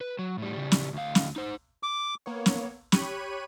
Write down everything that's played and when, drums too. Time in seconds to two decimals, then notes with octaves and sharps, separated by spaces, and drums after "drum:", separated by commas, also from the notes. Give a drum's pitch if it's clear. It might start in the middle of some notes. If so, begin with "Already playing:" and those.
0.01 B4
0.19 F#3
0.38 A2 G3
0.53 C#3 G3
0.72 drum: snare
0.93 D2 F5
1.15 drum: snare
1.36 D#4 C5
1.83 D6
2.26 A#3 B3 C#5
2.46 drum: snare
2.92 G4 C#5 B5 C#6 F#6 D#7, drum: snare